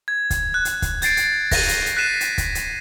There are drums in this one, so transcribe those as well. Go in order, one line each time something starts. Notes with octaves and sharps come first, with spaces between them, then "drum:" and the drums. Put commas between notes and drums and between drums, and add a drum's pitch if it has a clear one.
G#6
drum: kick, hi-hat
F#6
drum: hi-hat
drum: kick, hi-hat
G6 A6 C7 D7, drum: hi-hat
drum: hi-hat
A#6 D#7, drum: kick, open hi-hat
drum: hi-hat
drum: hi-hat
F#6 A6 B6 C7 D#7 E7
drum: hi-hat
drum: kick, hi-hat
drum: hi-hat